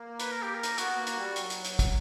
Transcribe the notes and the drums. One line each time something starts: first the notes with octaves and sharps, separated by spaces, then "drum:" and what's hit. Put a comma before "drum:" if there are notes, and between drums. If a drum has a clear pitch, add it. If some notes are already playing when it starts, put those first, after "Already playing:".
Already playing: A#3
B4, drum: hi-hat
A#4
G4
A#4
drum: hi-hat
B3 F#4, drum: hi-hat
A#3
drum: hi-hat
G3
F#3, drum: hi-hat
drum: hi-hat
drum: hi-hat
drum: kick, hi-hat